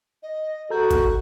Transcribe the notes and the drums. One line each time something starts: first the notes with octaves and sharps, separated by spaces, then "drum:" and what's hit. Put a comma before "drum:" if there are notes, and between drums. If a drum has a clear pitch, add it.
D#5
F#4 A4 A#5 G6
drum: kick G#1, hi-hat